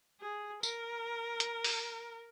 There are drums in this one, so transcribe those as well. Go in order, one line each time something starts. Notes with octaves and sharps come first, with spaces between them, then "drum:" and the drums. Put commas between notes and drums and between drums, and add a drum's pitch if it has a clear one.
G#4
A#4, drum: tambourine
drum: hi-hat
drum: open hi-hat